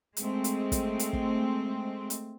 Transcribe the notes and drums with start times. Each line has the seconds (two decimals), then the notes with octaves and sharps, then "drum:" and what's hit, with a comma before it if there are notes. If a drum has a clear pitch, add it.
0.17 G#3 A3 C4, drum: hi-hat
0.44 drum: hi-hat
0.72 drum: kick, hi-hat
0.99 drum: hi-hat
1.13 drum: kick
2.10 drum: hi-hat